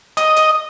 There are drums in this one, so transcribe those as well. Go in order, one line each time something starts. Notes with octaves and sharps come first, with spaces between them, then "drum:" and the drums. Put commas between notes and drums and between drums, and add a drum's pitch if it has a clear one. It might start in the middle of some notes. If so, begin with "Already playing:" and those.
D#5, drum: hi-hat
drum: hi-hat